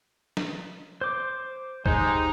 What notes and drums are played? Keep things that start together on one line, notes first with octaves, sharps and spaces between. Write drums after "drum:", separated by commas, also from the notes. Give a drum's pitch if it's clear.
drum: snare
C5 D6
G#3 D#4 G4 C5, drum: kick